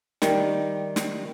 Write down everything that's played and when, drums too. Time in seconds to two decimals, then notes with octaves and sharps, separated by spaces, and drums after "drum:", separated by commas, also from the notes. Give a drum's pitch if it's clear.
0.22 D#3 G3, drum: snare
0.96 drum: snare